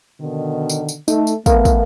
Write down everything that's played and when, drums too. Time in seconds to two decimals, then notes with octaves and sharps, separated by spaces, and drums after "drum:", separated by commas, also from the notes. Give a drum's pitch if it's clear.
0.20 B2 D3 D#3
0.69 drum: tambourine
0.89 drum: tambourine
1.08 A3 D#4, drum: tambourine
1.27 drum: tambourine
1.46 A3 B3 A#4 F5, drum: kick, tambourine
1.65 drum: kick, tambourine